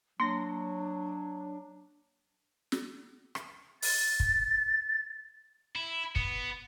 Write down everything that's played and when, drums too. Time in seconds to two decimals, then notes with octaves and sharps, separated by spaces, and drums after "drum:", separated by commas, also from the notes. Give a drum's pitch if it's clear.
0.20 F#3 A#3 D4 C6 A#6
2.72 drum: snare
3.35 drum: rim click
3.82 A6, drum: open hi-hat
4.20 drum: kick
5.76 E4
6.16 B3, drum: kick